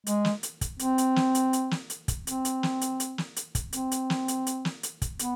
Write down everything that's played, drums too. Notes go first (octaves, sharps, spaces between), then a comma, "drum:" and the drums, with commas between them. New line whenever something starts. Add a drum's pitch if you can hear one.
G#3, drum: hi-hat
drum: snare
drum: hi-hat
drum: kick, hi-hat
C4, drum: hi-hat
drum: hi-hat
drum: snare
drum: hi-hat
drum: hi-hat
drum: snare
drum: hi-hat
drum: kick, hi-hat
C4, drum: hi-hat
drum: hi-hat
drum: snare
drum: hi-hat
drum: hi-hat
drum: snare
drum: hi-hat
drum: kick, hi-hat
C4, drum: hi-hat
drum: hi-hat
drum: snare
drum: hi-hat
drum: hi-hat
drum: snare
drum: hi-hat
drum: kick, hi-hat
B3, drum: hi-hat